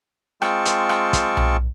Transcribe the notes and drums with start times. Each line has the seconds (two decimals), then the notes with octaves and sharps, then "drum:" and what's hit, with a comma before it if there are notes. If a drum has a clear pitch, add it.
0.42 G#3 C4 F4 G5 A5 C#6, drum: rim click
0.65 drum: hi-hat
0.89 drum: rim click
1.13 drum: kick, hi-hat
1.37 drum: tom B1